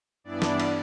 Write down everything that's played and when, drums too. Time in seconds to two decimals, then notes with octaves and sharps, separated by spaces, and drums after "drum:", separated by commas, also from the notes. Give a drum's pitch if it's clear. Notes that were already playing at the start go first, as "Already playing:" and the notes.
0.24 G2 E3 B3 D4 E4 D5
0.42 drum: snare
0.60 drum: cymbal